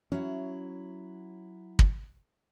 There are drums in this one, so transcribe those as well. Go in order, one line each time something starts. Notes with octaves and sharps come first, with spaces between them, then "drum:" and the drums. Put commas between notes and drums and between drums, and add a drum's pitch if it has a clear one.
F#3 C#4 E4
drum: kick